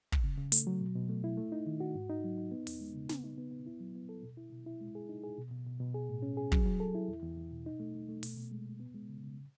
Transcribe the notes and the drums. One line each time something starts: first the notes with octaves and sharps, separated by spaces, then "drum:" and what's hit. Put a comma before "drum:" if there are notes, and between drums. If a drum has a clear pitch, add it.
drum: kick
C#3
C#3
A3, drum: hi-hat
F#3
B2
B2
A3
E4
A3
D#4
D#3
F#4
G#2
D#4
F#3
D#4
B3
E2, drum: open hi-hat
G#3
C#3
B3, drum: snare
D#4
B3
B3
E4
F#3
B3
A4
B2
E4
B2
E4
G#3
G#4
D#4
G#4
B2
B2
B2
B2
G#4
A2
C#4
G#4
F#3, drum: kick
F#3
A4
E4
E2
E2
E2
B2
D#4
A3
A3
A3
B2, drum: open hi-hat
B2
G#3
B2
B3
G#3
C#3
C#3